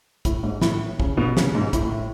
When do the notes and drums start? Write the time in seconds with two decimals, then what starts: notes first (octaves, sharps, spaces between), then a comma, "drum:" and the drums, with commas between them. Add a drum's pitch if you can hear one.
0.25 A2, drum: kick, hi-hat
0.43 G#2
0.61 A2, drum: snare
1.00 C#3, drum: kick
1.17 B2
1.37 C#3, drum: snare
1.55 G#2
1.73 A2, drum: kick, hi-hat